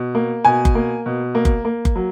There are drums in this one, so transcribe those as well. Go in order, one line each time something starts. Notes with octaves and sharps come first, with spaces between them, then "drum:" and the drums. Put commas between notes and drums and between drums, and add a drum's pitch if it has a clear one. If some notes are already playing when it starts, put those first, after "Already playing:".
Already playing: B2
A#3
B2 G#5
drum: kick F#1
A#3
B2
A#3
drum: kick F#1
A#3
drum: kick F#1
F#3